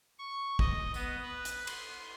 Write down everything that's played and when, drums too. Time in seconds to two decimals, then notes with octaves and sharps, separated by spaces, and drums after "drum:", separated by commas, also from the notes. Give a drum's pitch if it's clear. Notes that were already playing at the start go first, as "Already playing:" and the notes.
0.19 C#6
0.59 D#5, drum: kick
0.94 B3, drum: tambourine
1.23 B4
1.45 drum: hi-hat
1.67 C6, drum: cymbal